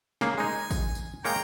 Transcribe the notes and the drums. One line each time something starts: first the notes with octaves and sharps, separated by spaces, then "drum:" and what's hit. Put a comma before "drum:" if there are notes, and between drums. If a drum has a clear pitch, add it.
C#3 A#3 G#4, drum: snare
G#3 D#4 G#5
drum: kick A1, tambourine
drum: tambourine
G#3 A#3 C#5 G5 A#5